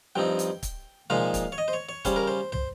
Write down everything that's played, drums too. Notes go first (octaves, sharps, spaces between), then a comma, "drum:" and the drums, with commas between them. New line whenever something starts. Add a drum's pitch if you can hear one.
G2 F3 C4 D#4 G5
drum: hi-hat
drum: kick, hi-hat
A#2 F3 G#3 D#4 F5, drum: tom B2
drum: kick, hi-hat
C#5
D#5
C5
C#5
C#5
C#3 G3 C#4 C5, drum: kick, hi-hat
A#4
C5
C5, drum: tom